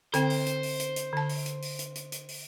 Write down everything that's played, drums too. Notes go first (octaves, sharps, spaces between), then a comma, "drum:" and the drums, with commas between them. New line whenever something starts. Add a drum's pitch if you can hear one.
D3 C4 C5 G5, drum: hi-hat
drum: open hi-hat
drum: hi-hat
drum: open hi-hat
drum: hi-hat
drum: hi-hat
D3 A5
drum: open hi-hat
drum: hi-hat
drum: open hi-hat
drum: hi-hat
drum: hi-hat
drum: hi-hat
drum: open hi-hat